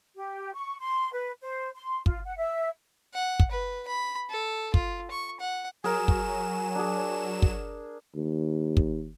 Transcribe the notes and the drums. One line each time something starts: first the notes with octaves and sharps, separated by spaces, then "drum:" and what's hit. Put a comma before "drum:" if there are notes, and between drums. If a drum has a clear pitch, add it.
G4
C#6
C6
B4
C5
C6
F4, drum: kick
F#5
E5
F#5
drum: kick
B4
B5
A4
F4, drum: kick
C#6
F#5
F#3 G#4 A#4 G#5 E7
drum: kick
D4 G#4
drum: kick
D#2
drum: kick